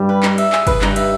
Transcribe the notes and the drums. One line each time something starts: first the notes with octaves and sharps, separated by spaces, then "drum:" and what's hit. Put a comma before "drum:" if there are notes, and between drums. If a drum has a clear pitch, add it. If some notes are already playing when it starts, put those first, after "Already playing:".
Already playing: G2 G3
B4
D#4, drum: clap
E5, drum: cymbal
G#4, drum: clap
B4, drum: kick, cymbal
G2 G3 D#4, drum: clap
E5, drum: cymbal